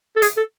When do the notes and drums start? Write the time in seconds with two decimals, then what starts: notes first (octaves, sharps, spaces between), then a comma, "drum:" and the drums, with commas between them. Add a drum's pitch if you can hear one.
0.16 A4
0.22 G#4, drum: hi-hat
0.37 A4